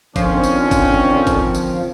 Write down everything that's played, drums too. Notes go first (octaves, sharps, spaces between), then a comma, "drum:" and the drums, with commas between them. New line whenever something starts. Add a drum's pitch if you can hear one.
D3 D#3 F3 C4 C#4, drum: kick G1, tambourine
drum: tambourine
drum: kick G1, tambourine
drum: kick G1, tambourine
drum: tambourine